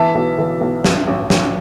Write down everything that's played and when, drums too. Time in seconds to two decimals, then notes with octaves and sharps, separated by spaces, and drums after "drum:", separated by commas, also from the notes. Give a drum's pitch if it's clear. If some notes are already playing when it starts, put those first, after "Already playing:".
Already playing: E3 E5 A5
0.15 B1
0.38 E3
0.61 B1
0.84 G2, drum: snare
1.07 A1
1.30 A1, drum: snare